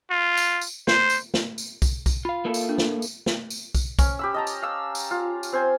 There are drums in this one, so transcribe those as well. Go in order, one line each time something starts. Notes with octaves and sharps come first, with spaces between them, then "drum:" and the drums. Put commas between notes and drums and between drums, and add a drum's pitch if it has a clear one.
F4
drum: tambourine
drum: tambourine
C5, drum: snare
drum: tambourine
drum: snare
drum: tambourine
drum: kick, tambourine
drum: kick, tambourine
F4 F5 B5
A#3 E4 A4
drum: tambourine
D4
drum: snare
drum: tambourine
drum: snare
drum: tambourine
drum: kick, tambourine
C#4, drum: kick, tambourine
G4 B5 E6
D#5 A5 A#5
drum: tambourine
F5 E6
drum: tambourine
F4
drum: tambourine
C4 C5 G#5